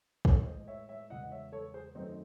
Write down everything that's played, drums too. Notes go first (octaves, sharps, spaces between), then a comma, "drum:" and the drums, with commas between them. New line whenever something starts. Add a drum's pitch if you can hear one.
A2 G#3 A4 C#5, drum: kick
C5 D#5
C#5 E5
C#5 E5
E2 C#3 G#3 D#5 F#5
C#5 E5
A4 C#5
G#4 C5
F#2 D#3 F#3 A3 C4 D#4